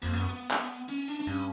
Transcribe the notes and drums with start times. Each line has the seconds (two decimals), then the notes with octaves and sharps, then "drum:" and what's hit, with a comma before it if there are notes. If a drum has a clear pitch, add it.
0.02 F2 A#3
0.13 F#2 B3
0.51 drum: clap
0.89 C#4
1.08 D4
1.20 D4
1.27 G2 C#4